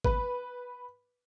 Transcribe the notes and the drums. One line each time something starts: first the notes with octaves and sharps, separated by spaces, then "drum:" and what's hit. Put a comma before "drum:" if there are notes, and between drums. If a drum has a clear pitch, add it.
B4, drum: kick G#1